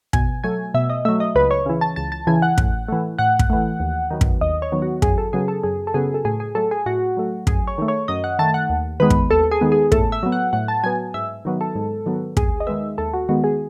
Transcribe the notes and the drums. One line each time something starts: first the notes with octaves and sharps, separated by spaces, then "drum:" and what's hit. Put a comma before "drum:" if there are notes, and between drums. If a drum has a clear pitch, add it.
B2 G#5, drum: kick
F#3 A3 G#5
B2 E5
D#5
F#3 A3 E5
D#5
C#2 B4
C#5
C#3 E3
A5
C#2 A5
A5
C#3 E3 G#5
F#5
A2, drum: kick
E3 A3
A2 F#5
drum: kick
E3 A3
D#2
D#3 F#3 B3
drum: kick
D#2 D#5
C#5
D#3 F#3 B3
F#4
F#2 G#4, drum: kick
A4
C#3 F#3 B3 G#4
A4
F#2 G#4
A4
C#3 F#3 B3 G#4
A4
A2 G#4
G#4
F#3 A3 A4
G#4
A2 F#4
F#3 A3
F#2 G#4, drum: kick
C#5
D#3 A3
C#5
F#2 D#5
F#5
D#3 A3 A5
F#5
D#2
D#3 G#3 B3 B4
drum: kick
D#2 A4
G#4
D#3 G#3 B3
G#4
A2 A4, drum: kick
E5
F#3 B3
F#5
A2 F#5
A5
F#3 B3 G#5
G#2 E5
D#3 F#3 B3
A4
G#2
D#3 F#3 B3
D#2 G#4, drum: kick
D#5
D#3 G#3 B3 E5
D#2 A4
F#4
D#3 G#3 B3 F#4
G#4